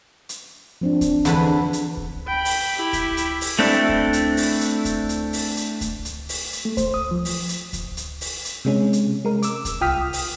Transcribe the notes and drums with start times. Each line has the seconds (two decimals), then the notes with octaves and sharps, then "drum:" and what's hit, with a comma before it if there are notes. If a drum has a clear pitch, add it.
0.29 drum: hi-hat
0.81 F3 C4 D4
1.01 drum: kick D2, hi-hat
1.25 E2 D3 B4, drum: hi-hat
1.73 drum: hi-hat
1.97 drum: kick D2
2.28 G5 B5
2.45 drum: open hi-hat
2.76 E4 G4
2.93 drum: kick D2, hi-hat
3.17 drum: hi-hat
3.41 drum: open hi-hat
3.59 A3 C4 D4 E4
3.89 drum: kick D2
4.13 drum: hi-hat
4.37 drum: open hi-hat
4.61 drum: hi-hat
4.85 drum: kick D2, hi-hat
5.09 drum: hi-hat
5.33 drum: open hi-hat
5.57 drum: hi-hat
5.81 drum: kick D2, hi-hat
6.05 drum: hi-hat
6.29 drum: open hi-hat
6.53 drum: hi-hat
6.65 A3
6.77 C5, drum: kick D2, hi-hat
6.94 D#6
7.11 F3
7.25 drum: open hi-hat
7.49 drum: hi-hat
7.73 drum: kick D2, hi-hat
7.97 drum: hi-hat
8.21 drum: open hi-hat
8.45 drum: hi-hat
8.65 C3 G#3 C#4
8.93 drum: hi-hat
9.25 G#3 A#4
9.43 D6 E6, drum: hi-hat
9.65 drum: kick D2, hi-hat
9.81 C2 F4 G5 D#6 F6 B6
10.01 D#6
10.13 drum: open hi-hat